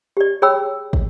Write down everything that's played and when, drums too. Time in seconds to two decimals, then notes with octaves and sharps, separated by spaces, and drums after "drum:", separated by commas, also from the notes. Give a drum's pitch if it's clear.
0.17 G4 D5
0.42 G#4 C#5 G5 B5 E6
0.93 drum: kick